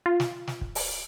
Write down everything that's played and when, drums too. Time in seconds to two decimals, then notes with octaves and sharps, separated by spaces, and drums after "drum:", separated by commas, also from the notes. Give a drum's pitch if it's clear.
0.06 F4
0.20 drum: snare
0.47 drum: snare
0.61 drum: kick
0.75 drum: open hi-hat